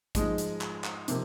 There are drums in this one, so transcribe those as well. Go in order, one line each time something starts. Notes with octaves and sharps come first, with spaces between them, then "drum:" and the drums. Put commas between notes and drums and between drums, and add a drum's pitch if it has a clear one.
G#2 F3 G#3 D#5, drum: kick, hi-hat
drum: hi-hat
drum: clap
drum: clap
C3 F3 A#3, drum: hi-hat